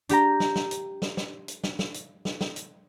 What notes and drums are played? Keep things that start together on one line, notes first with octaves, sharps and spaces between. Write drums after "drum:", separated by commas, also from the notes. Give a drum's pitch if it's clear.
D4 G4 G5 A#5, drum: hi-hat
drum: snare
drum: snare
drum: hi-hat
drum: snare
drum: snare
drum: hi-hat
drum: snare
drum: snare
drum: hi-hat
drum: snare
drum: snare
drum: hi-hat